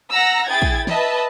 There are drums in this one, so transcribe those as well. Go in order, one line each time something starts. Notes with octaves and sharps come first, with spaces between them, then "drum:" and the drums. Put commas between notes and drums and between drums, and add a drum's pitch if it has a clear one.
F#5 A#5 E6 A#6
E4 G#4 G5 G#6 A6
drum: kick
B4 D#5 E5 A5, drum: snare